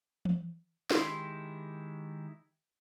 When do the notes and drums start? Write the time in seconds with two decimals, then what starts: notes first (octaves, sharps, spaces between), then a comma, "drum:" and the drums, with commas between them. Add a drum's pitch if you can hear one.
0.25 drum: tom E3
0.90 D#3 G#3 E4 G4 C6, drum: snare